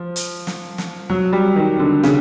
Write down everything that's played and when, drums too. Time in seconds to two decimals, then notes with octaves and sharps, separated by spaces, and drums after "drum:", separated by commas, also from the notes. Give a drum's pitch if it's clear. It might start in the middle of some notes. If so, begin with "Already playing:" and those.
Already playing: F3
0.16 drum: hi-hat
0.47 drum: snare
0.78 drum: snare
1.10 F#3
1.33 G3
1.56 D#3
1.79 D3
2.03 C#3, drum: snare